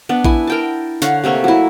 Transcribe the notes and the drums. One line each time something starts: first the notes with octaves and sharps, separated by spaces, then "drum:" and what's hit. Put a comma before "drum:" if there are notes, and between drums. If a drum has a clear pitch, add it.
B3 D4
E4 G#5, drum: kick A#1
A#4 G5 A5
D3 C#5 F5 F#5, drum: snare
C3 A3 A#3 C#6
F#3 E4